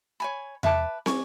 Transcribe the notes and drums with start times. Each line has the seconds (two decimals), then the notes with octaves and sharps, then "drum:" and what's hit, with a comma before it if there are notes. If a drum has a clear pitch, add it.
0.20 C#5 G#5 B5
0.63 B4 E5 A5 D6, drum: tom E2
1.06 D5 G#5 C#6, drum: snare